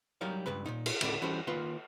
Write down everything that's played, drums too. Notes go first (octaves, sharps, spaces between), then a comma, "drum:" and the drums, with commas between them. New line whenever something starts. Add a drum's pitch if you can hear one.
F#3 G3 D#4 A#4 C#5 F5
C#2 G2 B4 B5
A#2 D#4
drum: cymbal
D2 A2 C#3 A3 D5, drum: cymbal
E3 G3 C#4 F#4 A4 C5
D#3 A#3 F4 B4 F5 C6